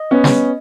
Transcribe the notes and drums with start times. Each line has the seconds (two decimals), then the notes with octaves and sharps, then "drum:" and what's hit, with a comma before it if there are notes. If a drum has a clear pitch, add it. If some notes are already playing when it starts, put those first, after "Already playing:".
Already playing: D#5
0.11 B3 C#4
0.24 drum: snare